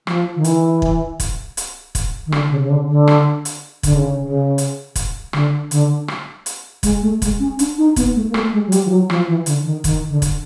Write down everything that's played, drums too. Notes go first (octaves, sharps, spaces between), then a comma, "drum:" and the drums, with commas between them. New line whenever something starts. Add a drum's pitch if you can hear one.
F3, drum: rim click
D#3
E3, drum: hi-hat
drum: kick
drum: kick, hi-hat
drum: hi-hat
drum: kick, hi-hat
D#3
D3, drum: rim click
C#3
C#3
D3
D3
drum: rim click
drum: hi-hat
D3, drum: kick, hi-hat
C#3
C#3
drum: hi-hat
drum: kick, hi-hat
D3, drum: rim click
D3, drum: hi-hat
drum: rim click
drum: hi-hat
G#3, drum: kick, hi-hat
A3
G#3, drum: kick, hi-hat
C#4
D4, drum: hi-hat
D#4
B3, drum: kick, hi-hat
A3
A#3
A3, drum: rim click
G#3
F#3
G3, drum: hi-hat
F3
F#3
F3, drum: rim click
E3
D3, drum: hi-hat
D#3
D#3, drum: kick, hi-hat
D3
drum: kick, hi-hat